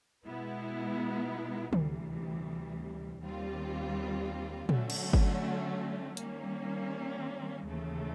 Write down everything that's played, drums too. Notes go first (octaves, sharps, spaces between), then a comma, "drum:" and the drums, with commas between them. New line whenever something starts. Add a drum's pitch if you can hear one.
B2 G#3 B3 E4
D2 C3 E3 G3, drum: tom D3
D#2 D#3 G3 C4 F4
D3 F#3 A3 C#4 F#4, drum: tom A#2
drum: cymbal
drum: kick G1
D#3 G3 A#3 C#4, drum: hi-hat
D#2 C#3 E3 A3